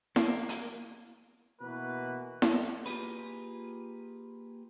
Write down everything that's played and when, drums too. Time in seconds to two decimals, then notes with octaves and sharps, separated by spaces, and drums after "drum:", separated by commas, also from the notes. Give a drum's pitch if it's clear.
0.16 A#3, drum: snare E4
0.49 drum: hi-hat
1.61 B2 E3 A#3 F#4 B4
2.42 drum: snare E4
2.86 A#3 F4 G4 G#4 B4